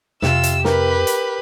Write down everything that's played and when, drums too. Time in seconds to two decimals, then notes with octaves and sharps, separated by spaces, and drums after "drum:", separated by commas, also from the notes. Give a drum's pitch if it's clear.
0.22 F2 C3 F4 E6, drum: snare
0.43 drum: hi-hat
0.65 G4 A#4 B4, drum: snare
1.07 drum: hi-hat